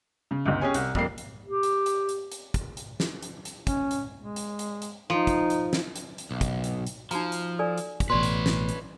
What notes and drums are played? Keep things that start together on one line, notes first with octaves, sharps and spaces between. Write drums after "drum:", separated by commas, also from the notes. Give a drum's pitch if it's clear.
C#3
G1 C#2
C#4 G4 G#4 C#5 G#5
C2, drum: hi-hat
F2 G3 A#3 C7, drum: kick
drum: hi-hat
G4
drum: hi-hat
drum: hi-hat
drum: hi-hat
drum: hi-hat
drum: kick, hi-hat
drum: hi-hat
drum: snare
drum: hi-hat
drum: hi-hat
C#4, drum: kick, hi-hat
drum: hi-hat
G#3
drum: hi-hat
drum: hi-hat
drum: hi-hat
F3 D#4
drum: kick, hi-hat
drum: hi-hat
drum: snare
drum: hi-hat
drum: hi-hat
B1
drum: kick, hi-hat
drum: hi-hat
drum: hi-hat
F3 D#4 F#4 A#5, drum: hi-hat
drum: hi-hat
A4 D5 G#5
drum: hi-hat
drum: kick, hi-hat
A1 B2 B4 C#5 D5 C6
drum: hi-hat
drum: snare
drum: hi-hat